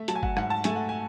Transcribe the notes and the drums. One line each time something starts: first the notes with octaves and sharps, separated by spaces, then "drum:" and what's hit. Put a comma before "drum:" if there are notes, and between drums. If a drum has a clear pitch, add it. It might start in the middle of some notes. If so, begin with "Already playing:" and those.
Already playing: A3 E5
F#3 A5, drum: hi-hat
G#5
F#5, drum: kick G1
G#2 F#5, drum: rim click
A5
A3 G#5, drum: hi-hat
F#5
G#5